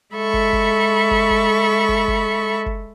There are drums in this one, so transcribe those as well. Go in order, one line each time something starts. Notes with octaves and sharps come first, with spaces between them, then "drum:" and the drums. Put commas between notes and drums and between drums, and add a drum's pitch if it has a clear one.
G#3 A4 E5 B5 C#6
drum: kick
drum: kick
drum: kick
drum: kick
drum: kick
drum: kick
drum: kick